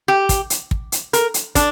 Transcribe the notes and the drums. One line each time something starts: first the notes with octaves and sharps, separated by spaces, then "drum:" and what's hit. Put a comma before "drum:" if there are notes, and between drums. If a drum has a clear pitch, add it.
G4
drum: kick, hi-hat
drum: hi-hat
drum: kick
drum: hi-hat
A#4, drum: hi-hat
drum: hi-hat
D4, drum: kick, hi-hat